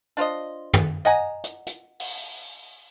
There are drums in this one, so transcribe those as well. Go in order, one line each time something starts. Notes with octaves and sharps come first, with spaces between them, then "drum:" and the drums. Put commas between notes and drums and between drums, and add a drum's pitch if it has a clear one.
D4 F4 C5 D#5
drum: tom
D#5 F#5 G#5 A#5
drum: hi-hat
drum: hi-hat
drum: open hi-hat